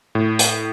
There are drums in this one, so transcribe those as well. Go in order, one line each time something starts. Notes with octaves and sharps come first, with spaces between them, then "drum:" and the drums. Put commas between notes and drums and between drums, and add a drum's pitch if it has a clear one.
A2
drum: hi-hat